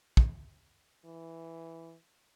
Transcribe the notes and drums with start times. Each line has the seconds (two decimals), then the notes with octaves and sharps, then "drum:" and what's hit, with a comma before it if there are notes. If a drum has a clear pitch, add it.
0.17 drum: kick
1.05 E3